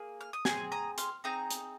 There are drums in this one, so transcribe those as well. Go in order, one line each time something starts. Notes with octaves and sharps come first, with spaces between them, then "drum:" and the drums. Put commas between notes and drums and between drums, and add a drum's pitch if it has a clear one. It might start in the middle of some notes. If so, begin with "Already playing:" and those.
Already playing: A#3 G#4
F6
D#6
C4 G#4 G#5 C6, drum: snare
A#5 D#6
C6 F6, drum: hi-hat
C4 D#4 G#4 A#5 D#6
drum: hi-hat